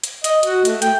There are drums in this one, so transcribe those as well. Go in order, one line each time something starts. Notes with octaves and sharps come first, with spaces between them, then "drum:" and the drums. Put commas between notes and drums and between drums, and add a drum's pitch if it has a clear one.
drum: hi-hat
D#5, drum: hi-hat
F#4, drum: hi-hat
A3, drum: hi-hat
G5, drum: hi-hat